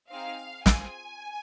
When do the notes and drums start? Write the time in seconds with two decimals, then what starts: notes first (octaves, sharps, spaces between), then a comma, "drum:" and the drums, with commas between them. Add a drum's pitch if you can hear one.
0.10 C4 D#4 G#4 F5
0.66 C4 F4 G#4 G#5, drum: snare